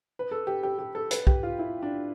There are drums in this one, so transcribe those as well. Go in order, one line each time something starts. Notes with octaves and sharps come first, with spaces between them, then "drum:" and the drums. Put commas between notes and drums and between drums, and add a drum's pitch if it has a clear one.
B4
A4
G4
G4
G4
A4
B4, drum: hi-hat
G4, drum: kick B1
F4
E4
D4